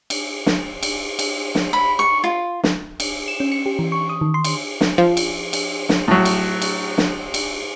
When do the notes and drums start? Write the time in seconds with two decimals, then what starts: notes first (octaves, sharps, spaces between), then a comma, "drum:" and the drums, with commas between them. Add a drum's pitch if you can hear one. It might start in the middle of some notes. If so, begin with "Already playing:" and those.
0.10 drum: cymbal
0.46 drum: snare
0.83 drum: cymbal
1.19 drum: cymbal
1.55 drum: snare
1.73 B5
1.99 C#6
2.24 F4
2.64 drum: snare
3.00 drum: cymbal
3.28 E7
3.40 C#4
3.52 C#7
3.66 G4
3.79 E3
3.92 C#6
4.09 D#6
4.21 D#3
4.34 C6
4.44 drum: cymbal
4.81 drum: snare
4.98 F3
5.17 drum: cymbal
5.53 drum: cymbal
5.89 drum: snare
6.08 A2 F#3
6.25 drum: cymbal
6.62 drum: cymbal
6.98 drum: snare
7.34 drum: cymbal